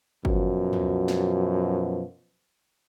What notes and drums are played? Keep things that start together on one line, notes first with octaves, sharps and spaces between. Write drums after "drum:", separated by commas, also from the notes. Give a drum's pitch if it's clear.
F#2 B2 F3, drum: kick G1
drum: tom
drum: snare